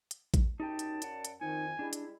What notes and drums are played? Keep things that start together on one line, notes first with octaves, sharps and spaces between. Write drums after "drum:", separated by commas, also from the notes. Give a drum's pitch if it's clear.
drum: hi-hat
drum: kick A#1, hi-hat
F#2 D#4 G4 G5 A5
drum: hi-hat
D5 F#5, drum: hi-hat
drum: hi-hat
F2 D#3 D#4 G#5
G3 G#3 D4 E4
drum: hi-hat